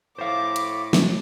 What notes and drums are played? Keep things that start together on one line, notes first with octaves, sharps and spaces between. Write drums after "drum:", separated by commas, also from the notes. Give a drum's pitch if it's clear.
A2 C5 F5 D6
drum: hi-hat
drum: snare